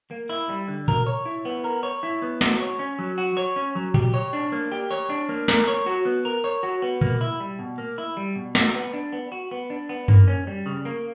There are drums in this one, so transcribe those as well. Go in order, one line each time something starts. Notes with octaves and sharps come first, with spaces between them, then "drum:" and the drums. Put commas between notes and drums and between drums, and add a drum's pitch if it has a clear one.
A#3
E4
G3
D3
A#4, drum: tom A#2
C#5
E4
B3
A#4
C#5
E4
B3
F#4, drum: snare
C#5
C#4
F#3
F#4
C#5
C#4
F#3
G4, drum: tom A#2
C#5
D4
A#3
G4
C#5
D4
A#3
A#4, drum: snare
C#5
F#4
B3
A#4
C#5
F#4
B3
A#3, drum: tom A#2
E4
G3
B2
A#3
E4
G3
B2
F#4, drum: snare
B3
D4
B3
F#4
B3
D4
B3
A#3, drum: tom F#2
C#4
G3
C#3
A#3